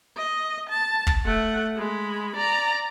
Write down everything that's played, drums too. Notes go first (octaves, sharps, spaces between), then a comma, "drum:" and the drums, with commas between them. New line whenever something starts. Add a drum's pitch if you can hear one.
D#5
A5
drum: kick
A3 F#5
G#3 B5
D5 A#5